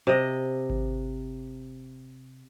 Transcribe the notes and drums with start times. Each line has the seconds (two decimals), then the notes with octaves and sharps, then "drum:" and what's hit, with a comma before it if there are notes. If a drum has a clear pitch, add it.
0.07 C3 D#5
0.70 drum: kick G#1